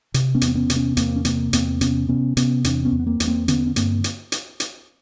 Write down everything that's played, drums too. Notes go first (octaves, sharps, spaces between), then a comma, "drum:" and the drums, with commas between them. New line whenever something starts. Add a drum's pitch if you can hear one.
C3, drum: hi-hat
B3 C#4
E2, drum: hi-hat
C4
B3 C#4
C3, drum: hi-hat
B3 C#4
E2 A#3 C4, drum: hi-hat
C#4
C3 A#3 C4, drum: hi-hat
E2 A#3 C4, drum: hi-hat
C3 B3 C#4, drum: hi-hat
C3 B3 C#4
C3 B3 C#4, drum: hi-hat
E2 C4 D4, drum: hi-hat
B3 C#4
E2
B3
A#3 C4
E2, drum: hi-hat
A#3 C4
D3 B3 C#4, drum: hi-hat
C#4
G2 A#3 C4, drum: hi-hat
drum: hi-hat
drum: hi-hat
drum: hi-hat